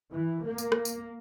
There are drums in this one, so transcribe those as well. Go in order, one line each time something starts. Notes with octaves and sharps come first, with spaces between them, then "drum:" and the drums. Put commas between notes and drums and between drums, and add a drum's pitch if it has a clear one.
E3
A#3
drum: tambourine
drum: rim click
drum: tambourine